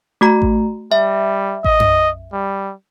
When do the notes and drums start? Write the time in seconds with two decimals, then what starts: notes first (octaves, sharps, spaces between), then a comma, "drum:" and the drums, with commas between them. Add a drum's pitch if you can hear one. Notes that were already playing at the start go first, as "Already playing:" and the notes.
0.21 A3 F#4 A#5
0.42 drum: kick A1
0.92 G3 E5
1.64 D#5, drum: kick A1
1.80 drum: tom F#2
2.33 G3